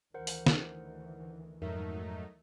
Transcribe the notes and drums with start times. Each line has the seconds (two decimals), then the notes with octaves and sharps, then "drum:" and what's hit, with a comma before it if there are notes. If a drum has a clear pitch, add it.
0.14 D2 D#3 E3 A#4 C5 F#5
0.27 drum: open hi-hat
0.46 drum: snare
1.62 F2 G#2 F#3 A3 D#4 A#4 E5